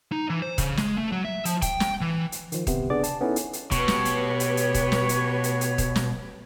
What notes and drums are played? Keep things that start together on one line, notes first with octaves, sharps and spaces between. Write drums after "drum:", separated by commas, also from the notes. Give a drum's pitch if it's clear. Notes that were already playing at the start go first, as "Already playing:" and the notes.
D#4
E3
C5
C#3, drum: kick D#1, hi-hat
G#3, drum: snare
A3
F#3
E5
F3, drum: hi-hat
G5, drum: kick D#1, hi-hat
drum: snare
E3
drum: hi-hat
D#3 F3, drum: hi-hat
G1 C3 B3, drum: kick D#1, hi-hat
C#3 B3 D4 G#4 D5 D6
A5, drum: hi-hat
B3 C#4 D#4 E4 A4
drum: hi-hat
drum: hi-hat
B2 A3 G4 B4 C#5, drum: kick D#1, hi-hat
drum: snare
drum: hi-hat
drum: hi-hat
drum: hi-hat
drum: kick D#1, hi-hat
drum: snare
drum: hi-hat
drum: hi-hat
drum: hi-hat
drum: kick D#1, hi-hat
drum: snare